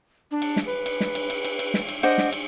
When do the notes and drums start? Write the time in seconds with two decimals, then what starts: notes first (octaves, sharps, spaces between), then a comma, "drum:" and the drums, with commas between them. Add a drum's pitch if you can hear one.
0.31 D4
0.42 drum: cymbal
0.56 drum: snare
0.66 B4
0.86 drum: cymbal
1.00 drum: snare
1.15 drum: cymbal
1.30 drum: cymbal
1.44 drum: cymbal
1.59 drum: cymbal
1.74 drum: snare
1.89 drum: cymbal
2.03 D4 C5 D#5 F#5, drum: cymbal
2.18 drum: snare
2.33 drum: cymbal